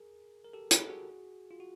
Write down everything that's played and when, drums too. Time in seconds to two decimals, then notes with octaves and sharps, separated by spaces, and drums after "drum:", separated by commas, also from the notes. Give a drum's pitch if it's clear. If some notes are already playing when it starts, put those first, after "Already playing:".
Already playing: G#4 A#4
0.45 A#4
0.53 G4 A4
0.71 G4 A4, drum: hi-hat
0.89 F#4 G#4
1.51 F4
1.60 F#4